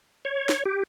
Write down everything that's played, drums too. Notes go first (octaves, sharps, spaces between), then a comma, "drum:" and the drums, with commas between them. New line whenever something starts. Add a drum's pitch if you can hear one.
C#5
drum: snare
G4